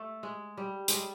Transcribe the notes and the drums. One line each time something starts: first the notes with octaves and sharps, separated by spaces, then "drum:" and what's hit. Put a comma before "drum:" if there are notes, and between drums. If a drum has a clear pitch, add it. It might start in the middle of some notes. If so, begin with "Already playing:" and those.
Already playing: A3
G#3
G3
G3 G#3, drum: hi-hat